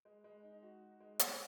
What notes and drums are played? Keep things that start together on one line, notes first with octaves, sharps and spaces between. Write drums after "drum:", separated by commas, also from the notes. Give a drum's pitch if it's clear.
G#3
G#3
D#4
F#4
D#4
G#3
G#3, drum: hi-hat